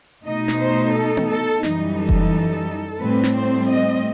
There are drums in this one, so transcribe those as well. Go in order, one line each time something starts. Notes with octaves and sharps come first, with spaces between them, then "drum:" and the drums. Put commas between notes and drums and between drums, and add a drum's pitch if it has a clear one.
B2 A3 D#4 D#5
drum: snare
C5
A4
drum: tom B3
A4
F#2 E3 G3 D#4, drum: snare
A4
drum: kick F1
A2 G3 C4 B4
drum: snare
C5
D#5